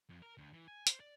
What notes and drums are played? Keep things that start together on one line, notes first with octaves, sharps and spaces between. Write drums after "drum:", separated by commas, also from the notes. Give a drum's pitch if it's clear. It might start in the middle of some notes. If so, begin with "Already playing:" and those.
F2
A#4
D2
E3
G#5
C5, drum: hi-hat
D5